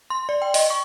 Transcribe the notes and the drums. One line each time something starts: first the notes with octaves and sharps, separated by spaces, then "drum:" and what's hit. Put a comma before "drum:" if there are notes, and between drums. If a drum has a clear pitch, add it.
C6
D5
G5
D#5, drum: open hi-hat
C#6